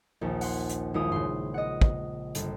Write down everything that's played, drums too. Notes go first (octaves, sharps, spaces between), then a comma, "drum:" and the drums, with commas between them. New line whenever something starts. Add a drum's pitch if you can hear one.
A#1 D#2
F#5 C6, drum: open hi-hat
drum: hi-hat
D#2 G#3 E4 F4 D#6
C#3 C6, drum: tom G2
D#5 F#5
drum: kick
G1, drum: hi-hat